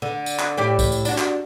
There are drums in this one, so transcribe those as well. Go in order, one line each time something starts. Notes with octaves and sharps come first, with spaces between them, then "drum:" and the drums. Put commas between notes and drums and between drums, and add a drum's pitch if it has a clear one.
D3
drum: tambourine
drum: clap
A2 G4 D5
drum: kick C2, tambourine
drum: tambourine
D4 F#4, drum: tambourine
drum: clap